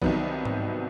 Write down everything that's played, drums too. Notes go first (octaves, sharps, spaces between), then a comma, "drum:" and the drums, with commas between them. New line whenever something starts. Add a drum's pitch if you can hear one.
C2 C3 D#3 F#3 B3, drum: kick A#1
drum: tom G#2